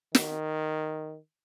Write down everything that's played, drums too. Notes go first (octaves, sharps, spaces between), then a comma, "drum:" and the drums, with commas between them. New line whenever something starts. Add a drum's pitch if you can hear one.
D#3, drum: snare